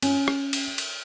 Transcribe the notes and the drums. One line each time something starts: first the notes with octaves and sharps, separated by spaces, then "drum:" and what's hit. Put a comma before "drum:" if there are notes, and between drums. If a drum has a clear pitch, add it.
C#4, drum: cymbal
drum: rim click
drum: cymbal
drum: cymbal